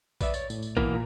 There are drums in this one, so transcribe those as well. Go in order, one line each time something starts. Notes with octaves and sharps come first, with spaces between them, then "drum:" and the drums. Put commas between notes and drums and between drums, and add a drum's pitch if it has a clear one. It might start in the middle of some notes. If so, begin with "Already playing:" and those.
B4 D5 E5, drum: kick, tambourine
C#5 A6, drum: tambourine
A2, drum: tambourine
drum: tambourine
B2 E3 A#3, drum: kick
A#2 A#5